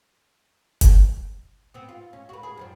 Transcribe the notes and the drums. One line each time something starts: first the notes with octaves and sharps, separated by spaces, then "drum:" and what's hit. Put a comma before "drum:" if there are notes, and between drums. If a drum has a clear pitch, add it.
drum: kick F#1, hi-hat
B3 C4
F4
C#4
F#4 B4
G#4
F#2 F3 G3